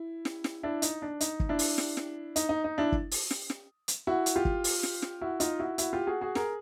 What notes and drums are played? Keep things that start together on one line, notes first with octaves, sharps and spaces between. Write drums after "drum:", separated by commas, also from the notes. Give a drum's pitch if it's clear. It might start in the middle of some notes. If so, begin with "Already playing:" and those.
Already playing: E4
drum: snare
drum: snare
D4 E4
D#4, drum: hi-hat
D4
D#4, drum: hi-hat
drum: kick
D4 E4
drum: open hi-hat
drum: snare
drum: snare
D#4, drum: hi-hat
D#4
D#4
D4 E4
drum: kick
drum: open hi-hat
drum: snare
drum: snare
drum: hi-hat
E4 F#4
drum: hi-hat
F4 G4
drum: kick
drum: open hi-hat
drum: snare
drum: snare
E4 F#4
D#4 F4, drum: hi-hat
E4 F#4
E4 F#4, drum: hi-hat
F4 G4
F#4 G#4
F#4 G#4
G#4 A#4, drum: snare